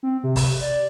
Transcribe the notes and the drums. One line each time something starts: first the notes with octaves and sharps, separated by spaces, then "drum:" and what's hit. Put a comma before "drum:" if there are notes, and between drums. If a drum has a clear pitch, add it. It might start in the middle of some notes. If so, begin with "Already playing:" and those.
C4
C3
drum: kick, open hi-hat
D5